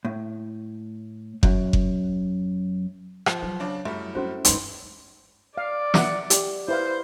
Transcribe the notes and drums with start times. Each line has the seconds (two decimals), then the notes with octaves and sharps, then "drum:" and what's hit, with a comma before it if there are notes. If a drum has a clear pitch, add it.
0.05 A2
1.43 F#2, drum: kick F#1
1.73 drum: kick F#1
3.26 F3, drum: rim click
3.43 F#3 B4
3.60 C#3 D4
3.85 F#2 G3 A3 E4 E5
4.15 C4 C#4 F#4 C5
4.45 G2 E3 G#3 D#4 C6, drum: hi-hat
5.58 D5 F5
5.94 E5 F#5, drum: snare
6.30 G4, drum: hi-hat
6.68 E4 B4 C5 F5